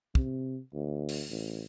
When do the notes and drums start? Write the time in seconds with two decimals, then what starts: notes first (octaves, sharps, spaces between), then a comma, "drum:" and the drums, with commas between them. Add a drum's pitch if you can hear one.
0.15 C3, drum: kick
0.74 D2
1.09 drum: open hi-hat
1.30 A1